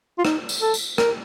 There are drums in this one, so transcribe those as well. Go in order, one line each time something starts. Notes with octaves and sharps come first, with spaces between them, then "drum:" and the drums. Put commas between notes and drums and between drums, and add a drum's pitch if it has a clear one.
F4
D#4, drum: rim click
drum: tambourine
A4
drum: tambourine
A#4, drum: rim click